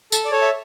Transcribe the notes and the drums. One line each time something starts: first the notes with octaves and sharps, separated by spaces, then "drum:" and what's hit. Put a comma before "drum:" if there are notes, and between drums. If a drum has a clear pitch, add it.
A4, drum: tambourine
D5
A4 C#5
E5